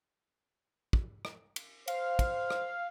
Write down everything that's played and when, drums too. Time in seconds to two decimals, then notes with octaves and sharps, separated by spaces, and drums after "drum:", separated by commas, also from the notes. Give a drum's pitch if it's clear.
0.93 drum: kick
1.25 drum: rim click
1.56 drum: cymbal
1.88 C5 F5, drum: cymbal
2.19 drum: kick, cymbal
2.50 drum: rim click